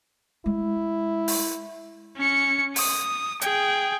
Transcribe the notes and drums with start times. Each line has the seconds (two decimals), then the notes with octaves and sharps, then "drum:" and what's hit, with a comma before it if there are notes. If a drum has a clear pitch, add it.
0.46 G#3 E4
1.28 drum: open hi-hat
2.17 C#4 C#7
2.76 D#6, drum: open hi-hat
3.41 G#4 G5, drum: hi-hat